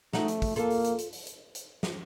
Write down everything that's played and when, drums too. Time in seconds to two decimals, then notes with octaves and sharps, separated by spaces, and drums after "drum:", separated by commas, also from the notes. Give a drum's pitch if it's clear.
0.13 A3 D#4 F#4, drum: snare
0.28 drum: hi-hat
0.42 drum: kick, open hi-hat
0.56 A#3 F4 A4, drum: hi-hat
0.70 drum: open hi-hat
0.84 drum: hi-hat
0.98 drum: hi-hat
1.13 drum: open hi-hat
1.27 drum: hi-hat
1.55 drum: hi-hat
1.83 drum: snare